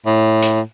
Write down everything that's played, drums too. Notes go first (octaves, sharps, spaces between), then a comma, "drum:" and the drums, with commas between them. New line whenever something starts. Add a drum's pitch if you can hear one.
A2
drum: hi-hat